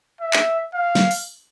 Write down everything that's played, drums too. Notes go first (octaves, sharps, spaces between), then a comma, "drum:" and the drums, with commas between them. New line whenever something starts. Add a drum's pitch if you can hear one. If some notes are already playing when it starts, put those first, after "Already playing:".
E5
drum: clap
F5
drum: snare
drum: open hi-hat